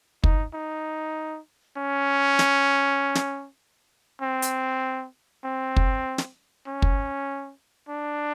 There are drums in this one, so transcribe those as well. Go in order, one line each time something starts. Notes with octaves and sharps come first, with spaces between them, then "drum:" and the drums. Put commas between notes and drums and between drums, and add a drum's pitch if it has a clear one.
D#4, drum: kick
D#4
C#4
drum: snare
drum: snare
C4
drum: hi-hat
C4
drum: kick
drum: snare
C#4
drum: kick
D4